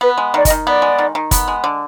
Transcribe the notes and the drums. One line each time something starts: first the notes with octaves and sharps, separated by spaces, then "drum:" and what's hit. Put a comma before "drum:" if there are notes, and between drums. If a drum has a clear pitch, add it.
B3 B4
G#3
D#3 D5
D#5, drum: kick, hi-hat
D#3
B3 D5
G#3
D#3
D#3
B3, drum: kick, hi-hat
G#3
D3